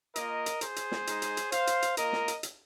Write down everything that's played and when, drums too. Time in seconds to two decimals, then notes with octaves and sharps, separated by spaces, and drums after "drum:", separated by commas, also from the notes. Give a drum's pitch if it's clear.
0.16 A#3 F4 A#4 D#5, drum: hi-hat
0.46 drum: hi-hat
0.61 G#4 C5, drum: hi-hat
0.76 drum: hi-hat
0.92 drum: snare
1.07 G#3 D#4, drum: hi-hat
1.22 drum: hi-hat
1.37 drum: hi-hat
1.52 C5 F5, drum: hi-hat
1.67 drum: hi-hat
1.82 drum: hi-hat
1.97 A#3 F4 A#4 D#5, drum: hi-hat
2.13 drum: snare
2.28 drum: hi-hat
2.43 drum: hi-hat